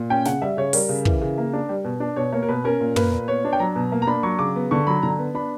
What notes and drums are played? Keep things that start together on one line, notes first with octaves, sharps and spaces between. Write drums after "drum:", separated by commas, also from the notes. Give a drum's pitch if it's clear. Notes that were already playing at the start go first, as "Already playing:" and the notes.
Already playing: A#2
C#4 G5
C#3 F#5, drum: snare
G3 E5
C#3 C#5
G3 A#4, drum: open hi-hat
C#3
E3, drum: kick
C#3
A#3
D4
G3
B2
D4
B2 C#5
A#3 C#5
A#4
B2 B4
C#4 A#4
A#2
A#3 B4, drum: tom
A#2
B3 C#5
D4
G5
F#3 A#5
B2
A#3
A#5
D4 B5
F#3 C#6
C#3 D6
B3
D3 C#6
F#3 B5
D3 A#5
B3
D4 B5